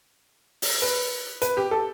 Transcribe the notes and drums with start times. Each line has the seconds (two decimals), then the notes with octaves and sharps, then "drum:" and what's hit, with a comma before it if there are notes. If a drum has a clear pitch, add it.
0.62 drum: open hi-hat
0.82 B4
1.42 B4, drum: hi-hat
1.57 G4
1.71 A4